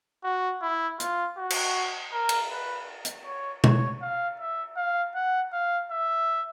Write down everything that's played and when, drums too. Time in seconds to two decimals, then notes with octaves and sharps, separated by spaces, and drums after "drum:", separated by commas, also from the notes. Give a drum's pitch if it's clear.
0.24 F#4
0.62 E4
1.00 F4, drum: hi-hat
1.37 F#4
1.50 drum: cymbal
2.13 A#4
2.29 drum: cymbal
2.51 B4
3.05 drum: hi-hat
3.26 C#5
3.64 C#5, drum: tom
4.01 F5
4.39 E5
4.76 F5
5.15 F#5
5.53 F5
5.91 E5